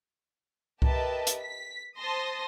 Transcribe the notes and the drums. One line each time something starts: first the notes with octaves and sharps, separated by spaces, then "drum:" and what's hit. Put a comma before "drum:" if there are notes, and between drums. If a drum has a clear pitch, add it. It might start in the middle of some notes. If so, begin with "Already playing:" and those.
G4 A#4 B4 D#5 E5 A5, drum: kick C2
drum: hi-hat
B6
C5 A5 C6 D#6 A#6